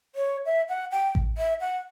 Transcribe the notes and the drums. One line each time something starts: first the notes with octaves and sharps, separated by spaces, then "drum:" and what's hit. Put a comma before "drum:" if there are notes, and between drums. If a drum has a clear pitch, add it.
C#5
E5
F#5
G5
drum: kick A1
E5
F#5